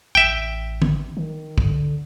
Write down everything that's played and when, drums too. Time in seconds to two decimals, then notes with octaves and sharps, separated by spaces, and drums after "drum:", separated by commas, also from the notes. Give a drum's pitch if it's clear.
0.15 A1 E5 G5
0.82 drum: tom
1.17 D#3
1.58 D3, drum: kick